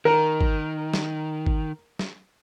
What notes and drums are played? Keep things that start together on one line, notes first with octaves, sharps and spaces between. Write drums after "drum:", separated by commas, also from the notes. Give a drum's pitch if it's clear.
D#3 A#4
drum: kick
drum: snare
drum: kick
drum: snare